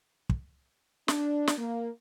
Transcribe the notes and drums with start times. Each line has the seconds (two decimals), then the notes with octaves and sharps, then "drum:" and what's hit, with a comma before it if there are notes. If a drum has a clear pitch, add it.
0.29 drum: kick
1.08 D4, drum: snare
1.47 drum: snare
1.58 A#3